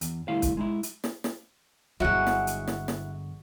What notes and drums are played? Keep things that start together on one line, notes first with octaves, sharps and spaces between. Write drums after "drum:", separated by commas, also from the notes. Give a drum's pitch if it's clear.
E2, drum: hi-hat
D3 G3 A3 E4 F5
drum: kick, hi-hat
G#3 D#4 E4
drum: hi-hat
drum: snare
drum: snare
G1 D3 F#3 G#3 E4 F#5
drum: snare
drum: hi-hat
drum: snare
drum: snare